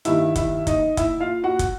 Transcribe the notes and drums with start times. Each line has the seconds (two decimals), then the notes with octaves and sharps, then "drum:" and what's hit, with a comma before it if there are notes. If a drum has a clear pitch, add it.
0.05 G2 D#3 E4 E5, drum: hi-hat
0.36 E4 E5, drum: kick, hi-hat
0.67 D#4 D#5, drum: kick, hi-hat
0.97 E4 E5, drum: kick, hi-hat
1.20 F4 F5
1.44 F#4 F#5
1.59 drum: kick, hi-hat